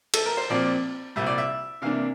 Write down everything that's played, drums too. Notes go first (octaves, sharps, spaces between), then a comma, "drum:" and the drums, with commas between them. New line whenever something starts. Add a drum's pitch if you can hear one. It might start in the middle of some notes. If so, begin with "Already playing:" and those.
A4, drum: cymbal
A#4
C5
A#2 F3 C4 D5
C2 A#2 G3 E5
D5
E5
C3 E3 A#3 D4 F5